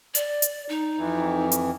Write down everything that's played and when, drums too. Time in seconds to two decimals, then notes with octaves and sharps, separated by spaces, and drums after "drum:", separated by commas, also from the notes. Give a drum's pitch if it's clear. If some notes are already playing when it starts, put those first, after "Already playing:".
0.15 D5, drum: hi-hat
0.42 drum: hi-hat
0.69 D#4
0.98 F2 E3
1.52 drum: hi-hat